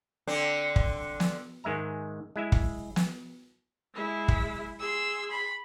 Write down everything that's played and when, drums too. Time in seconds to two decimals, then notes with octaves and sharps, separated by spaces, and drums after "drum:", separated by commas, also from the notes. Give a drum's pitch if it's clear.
0.27 D3 C4 D4
0.76 drum: kick
1.20 drum: snare
1.64 G#2 D#3 G#3 E5 A#5
2.36 G#3 E4 E5
2.52 drum: kick
2.96 drum: snare
3.95 G#3 E4
4.28 drum: kick
4.80 G#4 C6 E6
5.31 B5